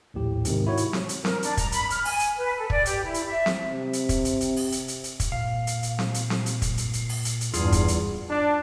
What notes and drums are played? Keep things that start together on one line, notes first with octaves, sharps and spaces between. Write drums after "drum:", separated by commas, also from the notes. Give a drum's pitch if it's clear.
A#1 D#2 A2 G4
G#2 C3 D#3, drum: hi-hat
E4 F#4 C#5
drum: hi-hat
drum: snare C4
drum: hi-hat
A#4, drum: snare C4
D4, drum: hi-hat
A#5, drum: kick, hi-hat
B5, drum: hi-hat
F6, drum: hi-hat
G#5, drum: open hi-hat
drum: hi-hat
B4
A4
D5, drum: kick
G4, drum: hi-hat
E4
drum: hi-hat
E5
drum: snare C4
C3
drum: hi-hat
drum: kick, hi-hat
drum: hi-hat
drum: hi-hat
drum: open hi-hat
drum: hi-hat
drum: hi-hat
drum: hi-hat
drum: kick, hi-hat
A#2 F5
drum: hi-hat
drum: hi-hat
drum: snare C4
drum: hi-hat
drum: snare C4
drum: hi-hat
drum: kick, hi-hat
drum: hi-hat
drum: hi-hat
drum: open hi-hat
drum: hi-hat
drum: hi-hat
E2 G2 F4 G#4, drum: hi-hat
drum: kick, hi-hat
drum: hi-hat
D4